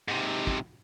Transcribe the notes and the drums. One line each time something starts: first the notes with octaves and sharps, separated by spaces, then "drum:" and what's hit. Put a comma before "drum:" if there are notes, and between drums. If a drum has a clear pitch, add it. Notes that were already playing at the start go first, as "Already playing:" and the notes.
G#2 C3
drum: kick